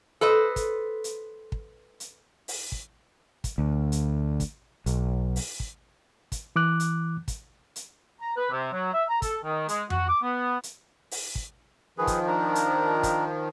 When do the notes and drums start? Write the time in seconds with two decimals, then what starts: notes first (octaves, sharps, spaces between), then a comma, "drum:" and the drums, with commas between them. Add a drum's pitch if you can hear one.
0.21 A4 B4 C5 D#5
0.56 drum: kick, hi-hat
1.04 drum: hi-hat
1.52 drum: kick
2.00 drum: hi-hat
2.48 drum: open hi-hat
2.72 drum: kick
3.44 drum: kick, hi-hat
3.58 D2
3.92 drum: hi-hat
4.40 drum: kick, hi-hat
4.86 B1, drum: hi-hat
5.36 drum: open hi-hat
5.60 drum: kick
6.32 drum: kick, hi-hat
6.56 E3 D6 F#6
6.80 drum: hi-hat
7.28 drum: kick, hi-hat
7.76 drum: hi-hat
8.20 A#5
8.37 B4
8.51 C3
8.72 F#3
8.93 E5
9.09 A#5
9.22 A4, drum: kick, hi-hat
9.44 D#3
9.69 G#3, drum: hi-hat
9.90 F#4, drum: tom F2
10.08 D6
10.22 B3
10.63 drum: hi-hat
11.11 drum: open hi-hat
11.35 drum: kick
11.98 D#3 F3 G#4 B4
12.07 drum: kick, hi-hat
12.27 D4 A#4
12.55 drum: hi-hat
13.03 drum: kick, hi-hat